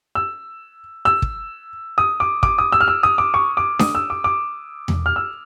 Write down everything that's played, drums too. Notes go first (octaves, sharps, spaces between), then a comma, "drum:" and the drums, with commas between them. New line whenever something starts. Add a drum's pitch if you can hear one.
E6
E6
drum: kick
D#6
D6
D6, drum: kick
D#6
E6
F6
E6
D#6
D6
C#6
D6
D#6, drum: snare D4
E6
D6
D6
drum: tom E2
F6
E6